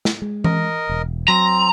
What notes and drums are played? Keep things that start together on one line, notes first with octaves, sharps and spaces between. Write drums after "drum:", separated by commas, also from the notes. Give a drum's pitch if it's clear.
drum: snare
G#3
A#4 D#5, drum: tom E3
E1
F#3 C4 A#5